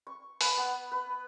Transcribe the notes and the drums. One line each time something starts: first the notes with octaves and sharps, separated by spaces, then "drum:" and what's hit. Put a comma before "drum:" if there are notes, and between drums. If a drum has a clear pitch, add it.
C#6
B4, drum: open hi-hat
B3
B4